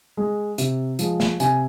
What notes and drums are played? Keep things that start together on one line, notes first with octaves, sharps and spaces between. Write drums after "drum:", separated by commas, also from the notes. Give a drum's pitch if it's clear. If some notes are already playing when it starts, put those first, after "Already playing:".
G#3
C3, drum: hi-hat
F3 G#3, drum: hi-hat
drum: snare
C3 G#5, drum: hi-hat